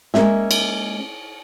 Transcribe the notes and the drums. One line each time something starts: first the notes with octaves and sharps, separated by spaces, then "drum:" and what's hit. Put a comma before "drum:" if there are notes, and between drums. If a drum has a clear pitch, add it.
G#3 A#3 C#4 E5, drum: snare
drum: cymbal